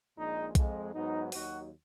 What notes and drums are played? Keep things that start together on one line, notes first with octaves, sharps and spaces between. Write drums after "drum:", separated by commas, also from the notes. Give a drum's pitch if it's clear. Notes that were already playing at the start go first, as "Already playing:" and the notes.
A#1 A#2 G#3 D#4
F2 F3 G#3, drum: kick B1, hi-hat
G#2 F#3 B3 D#4
D#2 D#3 F#3 F#4, drum: open hi-hat